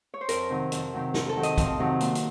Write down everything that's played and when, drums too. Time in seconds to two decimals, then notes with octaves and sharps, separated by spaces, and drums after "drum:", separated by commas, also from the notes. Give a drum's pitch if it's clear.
0.14 C#5
0.21 C5
0.29 F2 A#4, drum: hi-hat
0.50 C3 D#3 F#3
0.72 F2, drum: hi-hat
0.93 C3 D#3 F#3
1.14 F2 A#4, drum: snare
1.29 A4
1.36 C3 D#3 F#3
1.43 D#5, drum: hi-hat
1.58 F2, drum: kick, hi-hat
1.79 C3 D#3 F#3
2.01 A#2, drum: hi-hat
2.15 drum: hi-hat